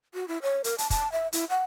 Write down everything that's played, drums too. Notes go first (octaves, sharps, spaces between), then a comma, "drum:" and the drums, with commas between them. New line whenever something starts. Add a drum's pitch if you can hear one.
F#4
E4
C#5
A#4, drum: hi-hat
A5, drum: hi-hat
A5, drum: kick, hi-hat
E5
E4, drum: hi-hat
F#5